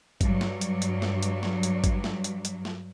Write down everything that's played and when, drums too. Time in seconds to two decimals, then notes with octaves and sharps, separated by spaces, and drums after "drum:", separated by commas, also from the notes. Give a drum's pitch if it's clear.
0.21 G2 F#3, drum: kick, hi-hat
0.41 drum: snare
0.61 drum: hi-hat
0.82 drum: hi-hat
1.02 drum: snare
1.23 drum: hi-hat
1.43 drum: snare
1.63 drum: hi-hat
1.84 drum: kick, hi-hat
2.04 drum: snare
2.24 drum: hi-hat
2.45 drum: hi-hat
2.65 drum: snare